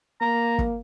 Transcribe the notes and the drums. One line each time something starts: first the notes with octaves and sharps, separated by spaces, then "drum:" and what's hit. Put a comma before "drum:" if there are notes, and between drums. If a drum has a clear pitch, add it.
A#3 A#5
drum: kick